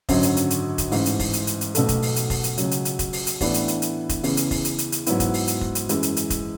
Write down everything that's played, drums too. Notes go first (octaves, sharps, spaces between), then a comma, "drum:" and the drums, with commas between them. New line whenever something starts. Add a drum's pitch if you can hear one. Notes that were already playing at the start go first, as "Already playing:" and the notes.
G#1 F#2 D3 F#3 C#4, drum: kick F1, open hi-hat
drum: hi-hat
drum: hi-hat
drum: hi-hat
drum: kick F1, hi-hat
A1 G#2 E3, drum: open hi-hat
drum: hi-hat
drum: kick F1, open hi-hat
drum: hi-hat
drum: hi-hat
drum: hi-hat
B1 B2 A3, drum: hi-hat
drum: kick F1, hi-hat
drum: open hi-hat
drum: hi-hat
drum: kick F1, open hi-hat
drum: hi-hat
C#2 C#3 F#3, drum: hi-hat
drum: hi-hat
drum: hi-hat
drum: kick F1, hi-hat
drum: open hi-hat
drum: hi-hat
A2 E3 B3 D4, drum: kick F1, open hi-hat
drum: hi-hat
drum: hi-hat
drum: hi-hat
drum: kick F1, hi-hat
E2 C#3 E3, drum: open hi-hat
drum: hi-hat
drum: kick F1, open hi-hat
drum: hi-hat
drum: hi-hat
drum: hi-hat
G#2 F#3 B3 E4, drum: hi-hat
drum: kick F1, hi-hat
drum: open hi-hat
drum: hi-hat
drum: kick F1
drum: hi-hat
F#2 E3 G#3, drum: hi-hat
drum: hi-hat
drum: hi-hat
drum: kick F1, hi-hat